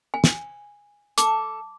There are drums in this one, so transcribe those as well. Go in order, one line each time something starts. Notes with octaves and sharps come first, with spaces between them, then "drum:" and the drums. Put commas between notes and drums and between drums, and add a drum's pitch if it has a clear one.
G#5
drum: snare
A4 D6, drum: hi-hat